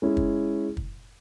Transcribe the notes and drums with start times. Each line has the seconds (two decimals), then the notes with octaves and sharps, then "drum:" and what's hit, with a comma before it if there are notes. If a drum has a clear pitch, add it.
0.02 G#3 C#4 E4
0.17 drum: kick
0.77 drum: kick